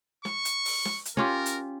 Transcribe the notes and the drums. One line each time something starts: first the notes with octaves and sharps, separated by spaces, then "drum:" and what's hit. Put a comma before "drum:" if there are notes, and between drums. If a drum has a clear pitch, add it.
C#6, drum: snare
drum: hi-hat
drum: open hi-hat
drum: snare
drum: hi-hat
C#4 F4 G4 A#4
drum: hi-hat